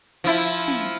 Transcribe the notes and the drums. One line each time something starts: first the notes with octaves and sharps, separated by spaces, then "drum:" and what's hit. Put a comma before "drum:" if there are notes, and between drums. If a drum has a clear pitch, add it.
F3 E4
drum: snare